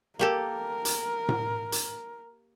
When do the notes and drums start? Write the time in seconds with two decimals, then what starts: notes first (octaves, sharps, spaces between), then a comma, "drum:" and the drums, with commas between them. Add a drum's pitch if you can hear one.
0.19 A#3 G4 A4 A#4
0.85 drum: hi-hat
1.29 drum: tom A2
1.72 drum: hi-hat